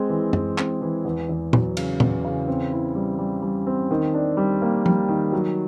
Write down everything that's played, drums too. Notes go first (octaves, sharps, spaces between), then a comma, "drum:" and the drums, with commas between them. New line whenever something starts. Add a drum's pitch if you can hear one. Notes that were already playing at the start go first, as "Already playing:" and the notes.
Already playing: G#3 C4
E3
E3, drum: tom
C4, drum: clap
E3
E2
E2
F#3, drum: tom A#2
C#3, drum: cymbal
E2, drum: tom A#2
C#3
C4
E4
G3
G3
G3
C4
D#3
D4
G3
A#3
G3, drum: tom F3
D#3
F#3